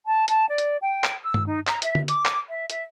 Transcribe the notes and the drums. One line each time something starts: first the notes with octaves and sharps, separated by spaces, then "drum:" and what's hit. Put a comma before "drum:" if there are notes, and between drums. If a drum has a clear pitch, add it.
A5
A5, drum: hi-hat
D5
drum: hi-hat
G5
drum: clap
E6
drum: tom G2
D#4
A#5, drum: clap
E5, drum: hi-hat
drum: tom D3
D6, drum: hi-hat
drum: clap
E5
E5, drum: hi-hat